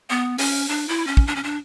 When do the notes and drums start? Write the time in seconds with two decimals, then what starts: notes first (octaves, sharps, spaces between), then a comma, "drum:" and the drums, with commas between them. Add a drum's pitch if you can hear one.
0.10 B3
0.38 C#4, drum: open hi-hat
0.68 D4
0.88 E4
1.07 C#4
1.17 drum: kick
1.27 D4
1.36 C#4
1.43 D4